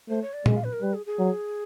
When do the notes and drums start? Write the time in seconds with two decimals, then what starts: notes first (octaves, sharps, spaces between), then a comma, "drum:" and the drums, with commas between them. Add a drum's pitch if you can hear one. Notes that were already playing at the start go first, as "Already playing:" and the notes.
0.09 A3 C5
0.22 C#5
0.34 D5
0.46 G#3, drum: tom A#2
0.55 F5
0.64 B4
0.73 A#4
0.82 G3 B4
0.94 G#4
1.06 G#4
1.19 F#3